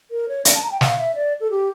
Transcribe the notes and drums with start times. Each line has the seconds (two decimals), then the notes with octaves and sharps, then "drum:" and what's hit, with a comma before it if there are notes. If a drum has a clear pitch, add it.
0.11 A#4
0.29 C#5
0.45 D5, drum: hi-hat
0.55 A5
0.63 A#5
0.71 G5
0.81 F5, drum: snare
0.98 E5
1.15 D5
1.40 A4
1.51 G4